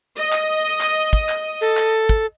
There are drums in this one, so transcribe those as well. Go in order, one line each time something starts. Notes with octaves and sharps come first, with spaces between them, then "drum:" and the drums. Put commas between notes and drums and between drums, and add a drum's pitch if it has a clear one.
D#5
drum: clap
drum: clap
drum: kick
drum: clap
A4
drum: clap
drum: kick